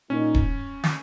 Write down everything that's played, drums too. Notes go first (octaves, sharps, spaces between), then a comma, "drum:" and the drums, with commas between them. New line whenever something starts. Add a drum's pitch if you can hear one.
A#2 A#3 C#4 D#4
drum: kick D#1
drum: snare